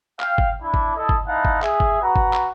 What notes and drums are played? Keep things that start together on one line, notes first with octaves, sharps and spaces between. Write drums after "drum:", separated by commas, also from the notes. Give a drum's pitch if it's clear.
F5 G5, drum: clap
drum: kick G1
D4 E4
drum: kick G1
E4 A4 D#5
drum: kick G1
C4 D#4 E4 F5 F#5 A5
drum: kick G1
G#4 E5, drum: clap
drum: kick G1
F#4 B4 A#5
drum: kick G1
drum: clap